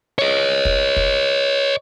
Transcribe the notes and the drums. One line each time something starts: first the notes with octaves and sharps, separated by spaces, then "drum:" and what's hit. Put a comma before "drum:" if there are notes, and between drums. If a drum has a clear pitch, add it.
C#5 D#5
drum: kick
drum: kick